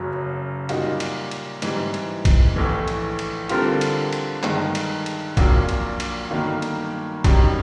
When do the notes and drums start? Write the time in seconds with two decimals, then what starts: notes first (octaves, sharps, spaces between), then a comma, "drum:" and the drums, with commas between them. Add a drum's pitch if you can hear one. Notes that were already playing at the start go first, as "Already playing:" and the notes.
Already playing: F#1 F#2 C#3 F#3
0.69 A#2 G3 A#3 D#4 F#4, drum: cymbal
1.00 drum: cymbal
1.31 drum: cymbal
1.62 G#2 E3 G3, drum: cymbal
1.94 drum: cymbal
2.25 drum: kick B1, cymbal
2.56 A#1 A2 E3
2.88 drum: cymbal
3.19 drum: cymbal
3.49 D3 G3 C4 F4 A#4, drum: cymbal
3.81 drum: cymbal
4.13 drum: cymbal
4.43 G2 D#3 G#3, drum: clap
4.75 drum: cymbal
5.06 drum: cymbal
5.37 A#1 A#2 F#3 A#3 D4, drum: kick B1, cymbal
5.69 drum: cymbal
6.00 drum: cymbal
6.31 G1 G2 D#3 F#3 A#3
6.62 drum: cymbal
7.24 F#2 D#3 G3, drum: kick B1, cymbal